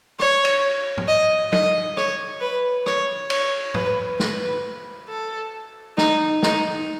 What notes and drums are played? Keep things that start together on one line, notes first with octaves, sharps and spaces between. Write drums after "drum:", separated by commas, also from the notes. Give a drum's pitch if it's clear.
C#5, drum: rim click
drum: cymbal
drum: tom
D#5
D#5, drum: tom
C#5, drum: rim click
B4
C#5, drum: rim click
C#5, drum: cymbal
B4, drum: tom
B4, drum: snare
A4
D#4, drum: snare
D#4, drum: snare